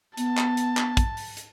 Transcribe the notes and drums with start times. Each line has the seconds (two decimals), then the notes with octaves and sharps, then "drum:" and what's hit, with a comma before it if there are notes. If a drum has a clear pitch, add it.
0.17 B3 A5, drum: hi-hat
0.37 drum: clap
0.57 drum: hi-hat
0.77 drum: clap
0.97 drum: kick, hi-hat
1.17 drum: open hi-hat
1.37 drum: hi-hat